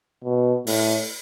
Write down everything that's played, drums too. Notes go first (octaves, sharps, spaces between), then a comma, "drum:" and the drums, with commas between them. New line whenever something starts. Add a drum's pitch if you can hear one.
B2
A2, drum: open hi-hat